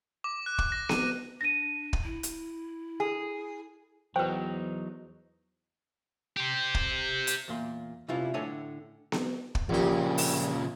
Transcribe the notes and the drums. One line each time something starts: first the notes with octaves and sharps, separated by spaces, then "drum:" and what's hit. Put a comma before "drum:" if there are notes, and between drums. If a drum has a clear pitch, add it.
D6
F#6
D6, drum: kick
A#6
D#7, drum: snare B3
D4 A#6 D#7
drum: kick
E4
drum: hi-hat
G#4
E2 F#3 D#4 B4 C5 G5
G4 C5
drum: kick
drum: hi-hat
E2 A#2 C6
C3 G3 C#4 E4 F4 B4
A2 D3 C#5 E5 G#5 A5
drum: snare B3
drum: kick
A#1 A#2 C#3 G4
drum: open hi-hat